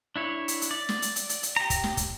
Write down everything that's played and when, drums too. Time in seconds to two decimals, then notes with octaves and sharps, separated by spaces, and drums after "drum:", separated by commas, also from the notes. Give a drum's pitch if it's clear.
0.16 D4 E4 C#5
0.48 drum: hi-hat
0.62 drum: hi-hat
0.71 D5
0.89 drum: snare
1.02 drum: hi-hat
1.16 drum: hi-hat
1.29 drum: hi-hat
1.43 drum: hi-hat
1.56 G4 A#5
1.70 drum: kick, hi-hat
1.84 drum: snare
1.97 drum: kick, hi-hat